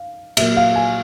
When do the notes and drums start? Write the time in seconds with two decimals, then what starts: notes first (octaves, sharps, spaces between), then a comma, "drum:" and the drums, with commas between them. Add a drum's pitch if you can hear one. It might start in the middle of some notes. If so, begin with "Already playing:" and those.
Already playing: F5
0.37 A#2 F#3 A#3 E5, drum: cymbal
0.57 F5
0.76 G#5